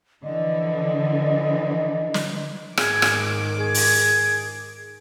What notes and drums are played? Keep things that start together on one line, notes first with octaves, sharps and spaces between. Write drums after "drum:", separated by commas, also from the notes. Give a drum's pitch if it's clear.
D3 E3 F3 D#5
drum: snare
G#2 D#3 G#4 D6, drum: rim click
drum: rim click
G#4
drum: open hi-hat